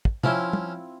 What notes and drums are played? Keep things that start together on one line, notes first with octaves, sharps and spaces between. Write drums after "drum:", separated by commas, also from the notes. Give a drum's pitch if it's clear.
drum: kick
F3 C4 C#4 E4 F4, drum: tom
drum: tom